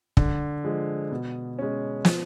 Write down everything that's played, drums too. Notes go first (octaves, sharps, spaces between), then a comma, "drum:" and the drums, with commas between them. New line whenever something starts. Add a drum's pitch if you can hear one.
D3, drum: kick
F3 G#3
B2
G#3 C#4
F3, drum: snare